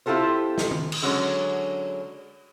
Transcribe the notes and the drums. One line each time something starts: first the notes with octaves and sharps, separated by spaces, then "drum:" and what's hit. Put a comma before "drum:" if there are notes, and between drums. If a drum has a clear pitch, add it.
C4 E4 F4 G4 A4 C5
drum: snare
drum: tom
drum: cymbal
D3 F#3 G#3 C#4 F#4 C#5